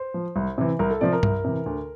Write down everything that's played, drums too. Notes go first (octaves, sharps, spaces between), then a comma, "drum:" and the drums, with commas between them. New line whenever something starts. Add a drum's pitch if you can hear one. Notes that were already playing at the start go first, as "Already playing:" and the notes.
Already playing: C5
F3
C2
C3 E3
C2 A#4
A4
C3 F3 D5
A#4
C2, drum: tom G2
C3 E3
D2